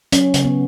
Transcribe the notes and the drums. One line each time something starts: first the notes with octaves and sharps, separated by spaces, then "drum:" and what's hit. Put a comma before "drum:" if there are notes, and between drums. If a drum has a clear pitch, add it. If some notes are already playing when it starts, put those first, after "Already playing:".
F#3 C#4, drum: hi-hat
C#3, drum: hi-hat
B3